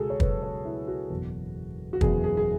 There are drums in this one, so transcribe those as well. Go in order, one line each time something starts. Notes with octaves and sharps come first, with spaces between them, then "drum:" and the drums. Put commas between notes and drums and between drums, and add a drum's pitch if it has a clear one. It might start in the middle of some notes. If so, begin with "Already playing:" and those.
Already playing: C#2 B2 F#4 G#4 A4
C#5
C#2 B2 F#3 B4, drum: kick
C#5
E4
F#4
F#1 E2 B2
F#4
F#1 E2 B2 G#4, drum: kick
G#4
G#4